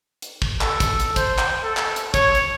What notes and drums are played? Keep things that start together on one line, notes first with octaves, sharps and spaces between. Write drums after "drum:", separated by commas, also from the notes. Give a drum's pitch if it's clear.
drum: hi-hat
drum: kick
A4, drum: clap
drum: kick, hi-hat
drum: hi-hat
C5, drum: kick, hi-hat
drum: clap
A4
drum: clap
drum: hi-hat
C#5, drum: kick, hi-hat
drum: hi-hat